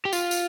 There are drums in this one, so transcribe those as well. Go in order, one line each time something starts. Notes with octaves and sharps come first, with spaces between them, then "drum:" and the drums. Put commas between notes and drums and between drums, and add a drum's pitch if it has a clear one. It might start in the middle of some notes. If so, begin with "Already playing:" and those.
G4
F4, drum: tambourine
drum: tambourine